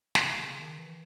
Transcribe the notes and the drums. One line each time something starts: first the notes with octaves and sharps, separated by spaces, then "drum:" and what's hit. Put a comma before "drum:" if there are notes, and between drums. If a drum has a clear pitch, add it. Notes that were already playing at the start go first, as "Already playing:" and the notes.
C#3, drum: snare
C3
C#3
D#3
E3